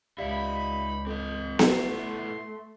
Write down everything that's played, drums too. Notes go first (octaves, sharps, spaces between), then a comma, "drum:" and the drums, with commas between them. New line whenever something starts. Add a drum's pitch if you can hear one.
C#2 D#4 G4 D5 E5 F5 B5
C4 A4 D#5
A2 A3 B3 C6, drum: snare B3